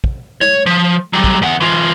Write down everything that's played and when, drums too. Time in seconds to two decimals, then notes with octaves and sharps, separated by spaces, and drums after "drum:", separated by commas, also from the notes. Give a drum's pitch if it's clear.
0.04 drum: kick
0.41 C#5, drum: snare
0.66 F3
1.13 F#3 G3
1.24 drum: kick
1.42 E2 F#5
1.60 E3 F4